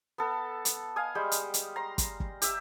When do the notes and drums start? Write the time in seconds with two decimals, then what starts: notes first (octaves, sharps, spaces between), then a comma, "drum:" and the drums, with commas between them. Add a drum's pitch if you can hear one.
0.18 B3 A4
0.65 drum: hi-hat
0.96 F5 G#5 D#6
1.15 G3 G#3 G5
1.32 drum: hi-hat
1.54 drum: hi-hat
1.76 A#5 C6
1.98 drum: kick, hi-hat
2.20 drum: kick
2.42 G4 E5, drum: hi-hat